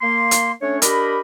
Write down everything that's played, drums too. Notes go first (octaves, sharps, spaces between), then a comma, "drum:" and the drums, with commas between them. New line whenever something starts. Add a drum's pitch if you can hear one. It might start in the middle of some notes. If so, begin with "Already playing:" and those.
A#3 C6
drum: hi-hat
A3 C#4 D4 C#5
D4 G4 A#4 D#5 B5, drum: hi-hat